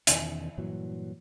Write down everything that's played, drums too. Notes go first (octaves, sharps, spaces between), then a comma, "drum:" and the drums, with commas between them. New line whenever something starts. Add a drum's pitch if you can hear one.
E2 B2 D#3 C#4, drum: hi-hat
G2 A#2 E3 F#3